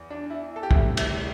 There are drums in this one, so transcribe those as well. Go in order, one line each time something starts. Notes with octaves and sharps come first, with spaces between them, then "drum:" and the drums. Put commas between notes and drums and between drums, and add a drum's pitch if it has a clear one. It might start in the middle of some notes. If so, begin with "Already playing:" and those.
Already playing: E2
D4
E4
A4
G4
D2 C3 G3 E4, drum: kick
E4, drum: cymbal